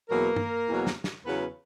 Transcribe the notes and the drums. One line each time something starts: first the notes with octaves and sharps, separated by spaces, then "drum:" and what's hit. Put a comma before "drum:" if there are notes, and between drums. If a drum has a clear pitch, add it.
E2 B2 F#3 A#3 A#4
drum: tom
E2 B2 F#3
drum: snare
drum: snare
E2 C#3 F#3 B3 B4